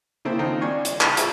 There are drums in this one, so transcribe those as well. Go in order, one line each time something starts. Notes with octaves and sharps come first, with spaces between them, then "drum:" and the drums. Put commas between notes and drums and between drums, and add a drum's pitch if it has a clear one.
C#3 A#3 C4 E4 A4 C5
D#3 A#3 C4 D#4 F4
G3 D4 G#5 C6 C#6
drum: hi-hat
drum: clap
F4 G4 G#4 C5 E5, drum: hi-hat